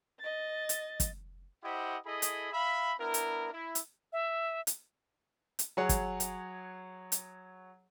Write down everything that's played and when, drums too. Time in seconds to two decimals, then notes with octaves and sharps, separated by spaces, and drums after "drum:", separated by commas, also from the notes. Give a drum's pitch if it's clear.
0.19 D#5 A6
0.69 drum: hi-hat
1.00 drum: kick, hi-hat
1.64 E4 G4 C5 D#5 F#5
2.06 E4 G#4 A4 D#5 B5
2.22 drum: hi-hat
2.53 E5 F5 B5
3.00 B3 D4 E4 A#4
3.14 drum: hi-hat
3.53 E4
3.75 drum: hi-hat
4.13 E5
4.67 drum: hi-hat
5.59 drum: hi-hat
5.77 F#3 G#4 C#5 F#5
5.89 drum: kick, hi-hat
6.20 drum: hi-hat
7.12 drum: hi-hat